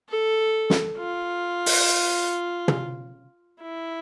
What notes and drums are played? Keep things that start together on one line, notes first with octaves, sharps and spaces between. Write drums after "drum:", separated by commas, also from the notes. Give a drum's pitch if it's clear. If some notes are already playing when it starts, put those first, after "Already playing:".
A4
drum: snare
F4
drum: open hi-hat
drum: tom
E4